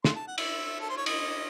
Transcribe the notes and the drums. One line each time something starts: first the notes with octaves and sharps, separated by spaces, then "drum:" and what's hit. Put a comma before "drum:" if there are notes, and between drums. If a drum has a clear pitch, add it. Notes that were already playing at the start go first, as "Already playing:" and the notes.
C6, drum: snare
A5
F#5
E5, drum: cymbal
A4
C5
C#5
D#5, drum: cymbal